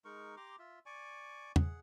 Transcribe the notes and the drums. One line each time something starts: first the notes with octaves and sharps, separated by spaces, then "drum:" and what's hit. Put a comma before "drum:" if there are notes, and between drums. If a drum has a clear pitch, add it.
G#3 D#4 A#4 C#6
G4 A#5 C6 D6
F4 E5
D5 G#5 C#6
G#4 F#5, drum: tom